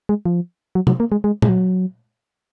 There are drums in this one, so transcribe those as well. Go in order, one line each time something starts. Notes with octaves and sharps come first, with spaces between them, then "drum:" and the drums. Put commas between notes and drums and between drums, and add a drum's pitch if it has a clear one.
G#3
F3
F#3
F#3, drum: tom
A#3
G#3
G#3
G#3, drum: tom
F#3